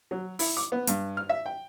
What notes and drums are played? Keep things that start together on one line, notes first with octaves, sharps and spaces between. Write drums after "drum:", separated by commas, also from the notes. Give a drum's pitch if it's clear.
F#3
E4, drum: open hi-hat
D6
B3
G2, drum: hi-hat
F6
E5
G5